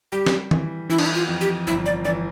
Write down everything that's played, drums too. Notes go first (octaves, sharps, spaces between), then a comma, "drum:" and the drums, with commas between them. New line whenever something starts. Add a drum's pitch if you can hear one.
G3 G4
drum: snare
E3, drum: tom D#3
E3 E4
D4, drum: cymbal
E4
F4
F2
G4
G1 E4
D5
E3 D5